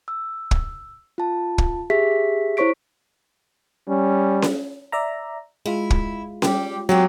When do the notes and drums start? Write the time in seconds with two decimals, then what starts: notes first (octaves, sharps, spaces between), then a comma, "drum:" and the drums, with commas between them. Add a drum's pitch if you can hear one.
0.08 E6
0.51 drum: kick
1.18 F4 A5
1.58 drum: kick
1.90 G4 G#4 E5 B6
2.57 E4 C5 C#5 C#6 B6 D7
3.89 G3 C#4
4.42 drum: snare C#4
4.92 D5 E5 A#5
5.66 G#3 E4 F4
5.90 drum: kick
6.42 G3 G4, drum: snare C#4
6.89 F#3 A#3 C4 G4